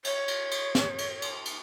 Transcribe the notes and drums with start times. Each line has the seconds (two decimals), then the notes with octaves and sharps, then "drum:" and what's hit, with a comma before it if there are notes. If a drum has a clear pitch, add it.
0.05 C#5, drum: cymbal
0.28 drum: cymbal
0.51 drum: cymbal
0.75 drum: snare
0.98 drum: cymbal
1.22 drum: cymbal
1.45 drum: cymbal